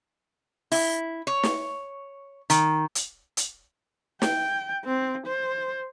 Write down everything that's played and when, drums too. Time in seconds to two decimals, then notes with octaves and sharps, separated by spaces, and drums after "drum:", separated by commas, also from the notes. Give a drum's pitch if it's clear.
0.72 E4, drum: open hi-hat
1.27 C#5
1.43 drum: snare
2.50 D#3, drum: hi-hat
2.95 drum: hi-hat
3.37 drum: hi-hat
4.22 G5, drum: snare
4.85 C4
5.27 C5